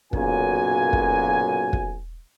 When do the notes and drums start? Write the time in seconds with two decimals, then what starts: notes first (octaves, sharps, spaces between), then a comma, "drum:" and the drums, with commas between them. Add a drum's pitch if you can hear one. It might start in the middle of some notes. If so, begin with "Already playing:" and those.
0.13 B1 F#2 A#2 C#3 F#4 G#5, drum: kick
0.93 drum: kick
1.73 drum: kick